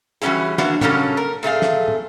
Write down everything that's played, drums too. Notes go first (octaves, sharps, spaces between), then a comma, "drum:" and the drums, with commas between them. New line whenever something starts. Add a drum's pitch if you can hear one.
E3 F#3 G3 C#4 E4 G#4
E3 A#3 D4 F#4, drum: snare
C#3 F#3 G3 A#3 C#4 A4, drum: tom A2
A#4
A#2 A3 G#4 F5
drum: snare
drum: tom